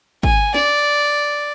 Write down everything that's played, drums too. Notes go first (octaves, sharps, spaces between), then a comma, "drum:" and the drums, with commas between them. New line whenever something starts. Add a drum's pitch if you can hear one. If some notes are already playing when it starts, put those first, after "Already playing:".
G#5, drum: kick
D5, drum: snare